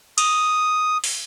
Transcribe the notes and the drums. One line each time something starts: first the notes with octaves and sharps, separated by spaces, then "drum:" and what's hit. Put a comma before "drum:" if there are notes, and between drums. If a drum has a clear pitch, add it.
D#6, drum: cymbal
drum: open hi-hat